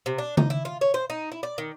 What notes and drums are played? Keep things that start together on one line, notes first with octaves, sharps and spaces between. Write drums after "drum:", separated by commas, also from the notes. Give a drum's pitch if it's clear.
C3
D4
D#4, drum: tom C#3
E4
F4
C#5
C5
D#4
E4
D5
D#3